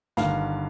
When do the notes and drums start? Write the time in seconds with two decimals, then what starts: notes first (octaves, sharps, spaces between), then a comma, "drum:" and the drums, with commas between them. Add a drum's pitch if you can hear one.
0.17 G1 G2 D#3 F5, drum: snare